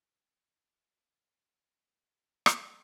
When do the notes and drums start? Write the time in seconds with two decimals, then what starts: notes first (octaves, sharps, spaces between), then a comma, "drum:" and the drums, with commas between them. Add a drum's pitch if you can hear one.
0.21 C#2 C#3 F#3 F#5
0.42 E5
1.05 F#2 E3 D#5
1.27 D#5
1.48 C#5
1.91 E2 C#3 F#3 A4
2.46 drum: rim click